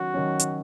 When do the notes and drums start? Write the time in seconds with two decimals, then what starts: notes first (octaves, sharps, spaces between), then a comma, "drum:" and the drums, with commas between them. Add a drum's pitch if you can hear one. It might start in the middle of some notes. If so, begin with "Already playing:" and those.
Already playing: D#3 F#3 C#4 F#4
0.14 D#3 F#3 C#4
0.40 drum: hi-hat